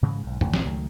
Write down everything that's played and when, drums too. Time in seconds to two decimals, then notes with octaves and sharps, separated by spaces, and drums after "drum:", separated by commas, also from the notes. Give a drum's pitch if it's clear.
0.02 G#2 C#3 E3 G#3
0.23 B1 G#2
0.41 G#1 D2 D3 E3, drum: tom F#2
0.54 A1 G#2 D3, drum: snare
0.65 C#2 D#3 F#3 A3